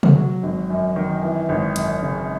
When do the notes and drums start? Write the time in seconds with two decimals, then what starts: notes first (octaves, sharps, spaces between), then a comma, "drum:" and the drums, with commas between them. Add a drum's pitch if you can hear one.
0.03 drum: tom C3
0.16 F#3
0.43 G#1
0.70 F#2
0.96 D#3
1.23 E3
1.49 G#1
1.76 F#2, drum: hi-hat
2.03 C#3